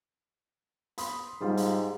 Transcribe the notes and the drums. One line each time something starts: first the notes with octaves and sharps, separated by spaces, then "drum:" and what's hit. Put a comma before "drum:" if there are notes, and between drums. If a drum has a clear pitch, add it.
B5 C6 D#6, drum: hi-hat
G#2 G3 F4
drum: hi-hat